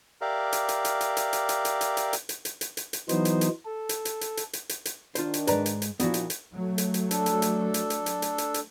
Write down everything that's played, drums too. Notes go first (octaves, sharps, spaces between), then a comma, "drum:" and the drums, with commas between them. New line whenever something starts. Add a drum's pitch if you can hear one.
G4 A#4 D5 E5 F5
drum: hi-hat
drum: hi-hat
drum: hi-hat
drum: hi-hat
drum: hi-hat
drum: hi-hat
drum: hi-hat
drum: hi-hat
drum: hi-hat
drum: hi-hat
drum: hi-hat
drum: hi-hat
drum: hi-hat
drum: hi-hat
drum: hi-hat
drum: hi-hat
E3 F#3 B3 D#4 C5, drum: hi-hat
drum: hi-hat
drum: hi-hat
A4
drum: hi-hat
drum: hi-hat
drum: hi-hat
drum: hi-hat
drum: hi-hat
drum: hi-hat
drum: hi-hat
D#3 D4 F4 C5, drum: hi-hat
drum: hi-hat
G#2 G#3 B4 D5 A#5, drum: hi-hat
drum: hi-hat
drum: hi-hat
A#2 F3 B3 D4 E4 F#4, drum: hi-hat
drum: hi-hat
drum: hi-hat
F#3 A3
drum: hi-hat
drum: hi-hat
D4 A4, drum: hi-hat
drum: hi-hat
drum: hi-hat
drum: hi-hat
drum: hi-hat
drum: hi-hat
drum: hi-hat
drum: hi-hat
drum: hi-hat